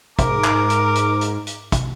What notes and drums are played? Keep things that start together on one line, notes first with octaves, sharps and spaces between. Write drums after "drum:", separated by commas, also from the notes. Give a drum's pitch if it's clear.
G#2 A#4 D6, drum: kick, hi-hat
drum: clap
drum: hi-hat
drum: hi-hat
drum: hi-hat
drum: hi-hat
drum: kick, hi-hat